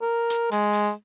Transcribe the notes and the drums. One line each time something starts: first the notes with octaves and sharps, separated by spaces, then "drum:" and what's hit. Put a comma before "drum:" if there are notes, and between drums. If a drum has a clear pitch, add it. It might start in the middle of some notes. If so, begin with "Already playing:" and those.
A#4
drum: hi-hat
G#3, drum: open hi-hat
drum: open hi-hat